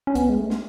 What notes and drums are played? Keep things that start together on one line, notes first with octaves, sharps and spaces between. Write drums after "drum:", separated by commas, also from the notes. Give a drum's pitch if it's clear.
C#4
B3, drum: kick C2, hi-hat
G#3
A3
drum: snare